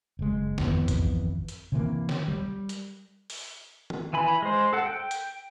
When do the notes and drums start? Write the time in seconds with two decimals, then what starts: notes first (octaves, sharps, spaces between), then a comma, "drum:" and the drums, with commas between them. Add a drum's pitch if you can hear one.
0.19 F#1 G#3
0.58 G#1 F2 E3 B3, drum: snare
0.88 drum: kick, hi-hat
1.48 drum: hi-hat
1.72 C3 E3 A#3
2.09 drum: snare
2.28 G3
2.69 drum: hi-hat
3.30 drum: open hi-hat
3.90 drum: tom
4.13 E3 G#5 B5
4.42 G#3 C5
4.73 A4 F#5
4.86 G5
5.11 drum: hi-hat